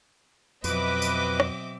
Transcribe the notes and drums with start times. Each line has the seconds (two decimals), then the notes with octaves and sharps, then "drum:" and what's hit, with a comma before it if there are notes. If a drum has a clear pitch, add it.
0.64 F2 B2 F#3 C4 B4 D#5 E5 D6, drum: tambourine
1.02 drum: tambourine
1.40 drum: rim click